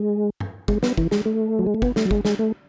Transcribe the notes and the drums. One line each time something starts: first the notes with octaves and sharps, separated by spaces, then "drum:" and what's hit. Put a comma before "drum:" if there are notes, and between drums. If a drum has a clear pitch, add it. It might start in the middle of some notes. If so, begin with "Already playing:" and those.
Already playing: G#3
drum: tom
G#3, drum: kick
B3, drum: snare
E3, drum: kick
G#3, drum: snare
A3
F#3
G#3
A3
B3, drum: kick
A3, drum: snare
F#3
G#3, drum: kick
G#3, drum: snare
A3